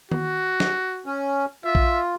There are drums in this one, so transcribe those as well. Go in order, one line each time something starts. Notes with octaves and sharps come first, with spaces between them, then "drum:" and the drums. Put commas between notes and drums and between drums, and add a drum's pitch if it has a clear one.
F#4, drum: tom D#3
drum: snare
C#4
F4 E5
drum: kick A#1